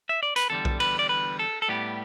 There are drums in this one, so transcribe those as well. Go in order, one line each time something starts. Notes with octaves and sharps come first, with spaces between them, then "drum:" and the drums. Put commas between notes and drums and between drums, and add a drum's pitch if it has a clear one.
E5
D5
B4, drum: hi-hat
E2 D3 G3 A4
drum: kick B1
B4, drum: cymbal
D5
B4
A4
A4
A2 G3 B3 G4